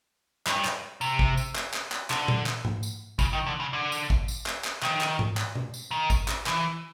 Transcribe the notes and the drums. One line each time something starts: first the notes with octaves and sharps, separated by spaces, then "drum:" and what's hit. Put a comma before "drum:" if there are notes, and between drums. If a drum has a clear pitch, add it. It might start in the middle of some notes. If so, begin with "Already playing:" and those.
G2, drum: clap
drum: clap
C3, drum: tambourine
drum: kick
drum: tambourine
drum: clap
drum: clap
drum: clap
D3, drum: clap
drum: tom A#2
drum: clap
drum: tom G#2
drum: tambourine
C#3, drum: kick, tambourine
D#3
D3
C#3
D3
drum: tambourine
drum: kick
drum: tambourine
drum: clap
drum: clap
D#3, drum: clap
drum: clap
drum: tom G#2
drum: clap
drum: tom B2
drum: tambourine
D#3
drum: kick, tambourine
drum: clap
E3, drum: clap